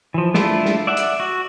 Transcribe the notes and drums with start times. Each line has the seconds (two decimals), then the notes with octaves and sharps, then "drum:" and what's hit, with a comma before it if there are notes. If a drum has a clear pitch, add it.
0.14 E3 F3
0.34 A3 D4 E4 F4, drum: snare
0.66 drum: snare
0.87 D5 E5 F#5
0.97 drum: hi-hat
1.20 F#4